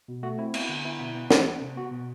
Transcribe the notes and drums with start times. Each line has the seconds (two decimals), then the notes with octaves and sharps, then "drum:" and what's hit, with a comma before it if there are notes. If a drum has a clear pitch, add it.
0.08 B2
0.23 A3 F#4
0.38 C4 E4
0.54 B3 E4, drum: cymbal
0.69 D3
0.84 B3 E4
1.00 B2 E4
1.15 B3
1.31 E3, drum: snare
1.46 B3
1.61 C3
1.76 B3 F#4
1.91 B2